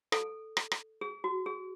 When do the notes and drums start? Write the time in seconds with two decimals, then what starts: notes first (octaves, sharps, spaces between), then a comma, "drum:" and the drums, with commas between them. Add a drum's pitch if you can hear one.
0.12 A4, drum: rim click
0.57 drum: rim click
0.71 drum: rim click
1.01 G#4
1.24 F#4
1.46 G#4